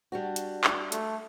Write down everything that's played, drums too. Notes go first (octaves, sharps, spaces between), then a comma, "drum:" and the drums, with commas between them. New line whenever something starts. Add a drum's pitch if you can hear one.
G3 D4 F#4
drum: hi-hat
drum: clap
A3, drum: hi-hat